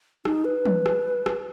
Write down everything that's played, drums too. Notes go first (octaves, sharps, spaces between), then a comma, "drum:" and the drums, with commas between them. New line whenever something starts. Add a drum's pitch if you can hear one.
D#4, drum: rim click
B4
drum: tom
drum: rim click
drum: rim click